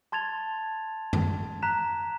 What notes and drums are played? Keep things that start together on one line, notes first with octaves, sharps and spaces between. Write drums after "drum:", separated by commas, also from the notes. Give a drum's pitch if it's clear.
A5 C6 G#6 A6 F7
drum: tom F#2
A#5 F#6 B6 E7